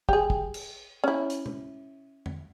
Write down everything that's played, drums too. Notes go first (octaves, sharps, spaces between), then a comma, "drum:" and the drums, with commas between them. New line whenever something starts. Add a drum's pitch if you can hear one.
G4 G#4, drum: kick
drum: kick
drum: cymbal
C#4 E4
drum: hi-hat
drum: tom B2
drum: tom F2